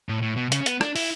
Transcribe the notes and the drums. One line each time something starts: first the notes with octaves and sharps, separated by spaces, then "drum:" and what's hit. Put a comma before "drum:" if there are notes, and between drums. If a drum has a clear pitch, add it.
A2
A2
B2
C#3, drum: hi-hat
C#4
B3, drum: hi-hat
D4, drum: rim click
E4, drum: open hi-hat